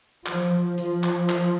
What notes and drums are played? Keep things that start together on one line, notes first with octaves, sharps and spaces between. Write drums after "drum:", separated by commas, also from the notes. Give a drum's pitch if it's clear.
F3, drum: clap
F3, drum: hi-hat
drum: clap
drum: clap